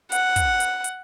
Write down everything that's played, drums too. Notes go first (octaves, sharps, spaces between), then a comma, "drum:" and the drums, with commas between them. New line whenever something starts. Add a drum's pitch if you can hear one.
F#5, drum: hi-hat
drum: kick, hi-hat
drum: hi-hat
drum: hi-hat